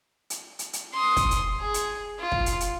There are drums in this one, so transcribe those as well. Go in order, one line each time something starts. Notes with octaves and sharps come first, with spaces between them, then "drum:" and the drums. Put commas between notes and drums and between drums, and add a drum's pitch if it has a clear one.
drum: hi-hat
drum: hi-hat
drum: hi-hat
C6 D#6
drum: kick, hi-hat
drum: hi-hat
G#4
drum: hi-hat
F4
drum: kick
drum: hi-hat
drum: hi-hat